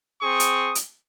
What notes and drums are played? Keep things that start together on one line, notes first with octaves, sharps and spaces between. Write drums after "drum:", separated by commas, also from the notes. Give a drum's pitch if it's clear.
C4 G#4 C#6 D#6
drum: hi-hat
drum: hi-hat